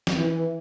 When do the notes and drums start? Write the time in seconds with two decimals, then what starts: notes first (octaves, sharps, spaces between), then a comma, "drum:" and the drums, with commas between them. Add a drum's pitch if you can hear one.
0.07 drum: snare
0.16 E3